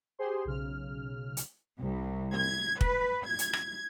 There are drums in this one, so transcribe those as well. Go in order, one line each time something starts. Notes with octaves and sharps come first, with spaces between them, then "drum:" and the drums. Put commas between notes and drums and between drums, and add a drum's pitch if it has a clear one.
G4 G#4 C5 C6
B1 C#3 F6
drum: hi-hat
C2
G#6
B4, drum: kick
G#6
drum: hi-hat
drum: rim click